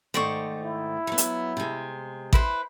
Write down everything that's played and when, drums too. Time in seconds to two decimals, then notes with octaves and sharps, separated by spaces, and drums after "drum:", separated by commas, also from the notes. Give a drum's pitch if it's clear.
0.14 G#2 D#3 A3 C5 D5 C#6
0.63 E4
1.07 F#3 B3
1.18 drum: hi-hat
1.57 C3 G#3
2.33 E4 B4 C5, drum: kick A1